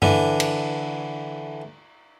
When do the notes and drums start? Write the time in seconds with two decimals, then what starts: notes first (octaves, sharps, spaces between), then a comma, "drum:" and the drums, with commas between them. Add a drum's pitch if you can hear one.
0.02 D3 E3 D4, drum: tom G2
0.40 drum: cymbal